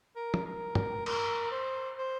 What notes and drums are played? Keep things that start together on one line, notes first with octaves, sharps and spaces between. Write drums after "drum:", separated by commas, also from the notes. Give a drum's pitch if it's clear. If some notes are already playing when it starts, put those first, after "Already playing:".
A#4
drum: tom
A#4
A#4, drum: tom
A#4, drum: cymbal
C5
C5